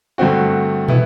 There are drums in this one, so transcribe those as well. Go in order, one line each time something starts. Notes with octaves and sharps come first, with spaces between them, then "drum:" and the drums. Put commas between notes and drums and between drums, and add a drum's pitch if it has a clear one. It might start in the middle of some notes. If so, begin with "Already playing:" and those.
G2 D3 A3 C4 F#4
E3 B3 E4, drum: tom